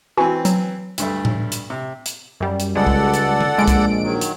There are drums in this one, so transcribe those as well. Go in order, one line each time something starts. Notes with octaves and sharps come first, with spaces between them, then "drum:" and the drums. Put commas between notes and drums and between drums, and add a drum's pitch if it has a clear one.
E3 C4 F#4 G#5
F#3, drum: hi-hat
D2 G2 A3, drum: hi-hat
drum: tom A2
drum: hi-hat
C3
drum: hi-hat
F#2 G3
drum: hi-hat
C#2 G3 G#3 A4 D5 F#5
drum: kick C2
drum: hi-hat
drum: tom D3
A#1 G#3 D7
drum: kick C2, hi-hat
D#3 F#3
drum: hi-hat